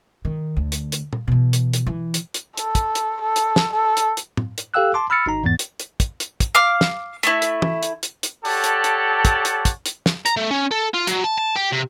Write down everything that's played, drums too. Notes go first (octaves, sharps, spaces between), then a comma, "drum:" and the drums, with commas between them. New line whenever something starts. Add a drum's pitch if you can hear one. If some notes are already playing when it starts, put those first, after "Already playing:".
D#3
D2
drum: hi-hat
drum: hi-hat
drum: tom
B2 E3
drum: hi-hat
drum: hi-hat
E3
drum: hi-hat
drum: hi-hat
A4, drum: hi-hat
drum: kick, hi-hat
drum: hi-hat
A4
drum: hi-hat
drum: snare
A4
drum: hi-hat
drum: hi-hat
drum: tom
drum: hi-hat
G4 A4 F5 G5 E6 F#6
A5 C6 D6
B5 E6 F6 A6 C#7
G#1 D#4 A#5
E2 G#2 E3 B3 A6
drum: hi-hat
drum: hi-hat
drum: kick, hi-hat
drum: hi-hat
drum: kick, hi-hat
F5 D6 F6
drum: snare
A3 E4, drum: hi-hat
drum: hi-hat
drum: tom
drum: hi-hat
drum: hi-hat
drum: hi-hat
G4 A4 C#5 D5 F#5 A5, drum: open hi-hat
drum: hi-hat
drum: hi-hat
drum: kick, hi-hat
drum: hi-hat
drum: kick, hi-hat
drum: hi-hat
drum: snare
A#5, drum: hi-hat
A3
C#4
A4
F4
F#3, drum: hi-hat
A5
A5
G4
C3